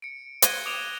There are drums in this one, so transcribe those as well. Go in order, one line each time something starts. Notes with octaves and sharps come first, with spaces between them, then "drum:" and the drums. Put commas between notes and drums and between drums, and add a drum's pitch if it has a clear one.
C#7 D7
F#6 G#6 A#6 D#7 G7, drum: hi-hat
D6 D#6 D7 E7 F7